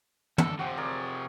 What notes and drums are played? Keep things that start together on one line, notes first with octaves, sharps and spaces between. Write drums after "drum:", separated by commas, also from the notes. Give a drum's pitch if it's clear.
G2 A4, drum: tom
C3 F3 C4 F#4
G#4 A#4 D5